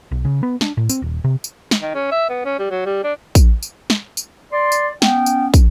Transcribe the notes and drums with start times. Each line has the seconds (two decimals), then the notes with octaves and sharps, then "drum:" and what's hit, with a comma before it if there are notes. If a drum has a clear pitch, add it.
0.12 B1
0.25 C#3
0.43 B3
0.61 D4, drum: snare
0.77 A2
0.89 C4, drum: tambourine
1.02 D#1
1.24 C3
1.44 drum: tambourine
1.71 drum: snare
1.82 D#3
1.95 C#4
2.12 E5
2.30 B3
2.45 C#4
2.59 G3
2.71 F#3
2.86 G3
3.04 D4
3.35 drum: kick, tambourine
3.63 drum: tambourine
3.90 drum: snare
4.17 drum: tambourine
4.52 D5 C6
4.72 drum: tambourine
5.02 B3 C#4 G5, drum: snare
5.26 drum: tambourine
5.54 drum: kick, tambourine